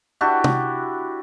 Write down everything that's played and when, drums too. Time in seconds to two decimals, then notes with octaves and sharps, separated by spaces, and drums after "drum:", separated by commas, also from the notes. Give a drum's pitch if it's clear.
0.21 D4 E4 F#4 G4
0.44 drum: tom